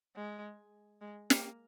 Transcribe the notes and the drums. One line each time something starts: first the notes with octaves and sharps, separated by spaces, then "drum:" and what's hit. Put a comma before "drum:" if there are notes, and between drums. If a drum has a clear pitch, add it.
G#3
G#3
A#3, drum: snare